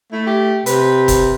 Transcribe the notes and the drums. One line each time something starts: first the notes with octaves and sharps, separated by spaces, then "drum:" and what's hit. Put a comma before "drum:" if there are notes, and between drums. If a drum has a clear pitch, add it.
A3 E4
G4
C3 B4, drum: hi-hat
drum: kick F1, hi-hat